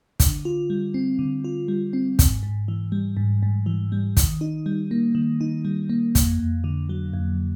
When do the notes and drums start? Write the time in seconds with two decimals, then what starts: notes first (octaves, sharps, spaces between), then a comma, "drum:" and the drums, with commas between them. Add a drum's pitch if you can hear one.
0.20 D3, drum: kick, hi-hat
0.45 F4
0.70 G3
0.94 C4
1.19 D3
1.44 F4
1.68 G3
1.93 C4
2.19 G#2, drum: kick, hi-hat
2.43 G#2
2.68 E3
2.92 G3
3.17 G#2
3.43 G#2
3.66 E3
3.92 G3
4.17 D#3, drum: kick, hi-hat
4.41 D#4
4.66 G3
4.91 A#3
5.15 D#3
5.41 D#4
5.65 G3
5.89 A#3
6.15 F2, drum: kick, hi-hat
6.39 F2
6.64 D3
6.89 F#3
7.13 F2